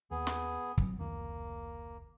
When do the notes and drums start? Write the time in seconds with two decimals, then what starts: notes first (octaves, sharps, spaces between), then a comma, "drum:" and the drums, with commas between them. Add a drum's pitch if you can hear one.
0.11 D#2 B3 G#4
0.27 drum: snare
0.78 G1 F#3 C4, drum: kick
0.99 F1 C#2 D#3 A#3